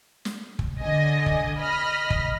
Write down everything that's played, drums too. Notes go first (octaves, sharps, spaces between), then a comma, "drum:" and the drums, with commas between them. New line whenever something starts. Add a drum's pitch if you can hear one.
drum: snare
drum: kick
D3 D#5 G#5
drum: kick
D#5 B5 F6
drum: kick